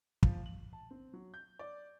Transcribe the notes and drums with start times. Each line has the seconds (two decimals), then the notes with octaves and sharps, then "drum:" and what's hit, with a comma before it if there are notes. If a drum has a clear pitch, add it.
0.23 F3, drum: kick
0.46 F#7
0.73 A5
0.91 C4
1.13 F#3
1.34 G6
1.59 D5